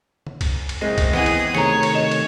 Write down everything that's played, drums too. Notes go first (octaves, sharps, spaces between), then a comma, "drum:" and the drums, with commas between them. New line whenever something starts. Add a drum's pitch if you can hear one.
drum: tom
drum: kick, cymbal
drum: cymbal
F#1 G#3 C4 D#5
drum: kick, cymbal
E3 B3 G#4 D#6, drum: snare
drum: cymbal
C3 D#3 A3 G#4 C#5 A#5 C#7, drum: snare
drum: cymbal
D#5 E7
drum: cymbal